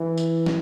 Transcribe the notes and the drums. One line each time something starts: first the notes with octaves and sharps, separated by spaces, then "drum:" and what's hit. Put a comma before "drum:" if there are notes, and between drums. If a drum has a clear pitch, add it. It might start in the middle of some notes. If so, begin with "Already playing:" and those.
Already playing: E3
drum: tambourine
drum: snare